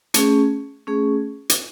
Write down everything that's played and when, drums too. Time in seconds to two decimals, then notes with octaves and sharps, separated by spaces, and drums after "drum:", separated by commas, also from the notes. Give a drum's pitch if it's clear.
0.14 A3 C#4 G#4, drum: hi-hat
0.87 A3 C#4 G#4
1.49 drum: hi-hat